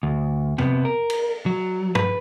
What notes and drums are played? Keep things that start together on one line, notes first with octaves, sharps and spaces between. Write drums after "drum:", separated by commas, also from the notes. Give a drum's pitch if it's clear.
D2
C3 B3, drum: tom
A#4
drum: cymbal
F#3
B4, drum: tom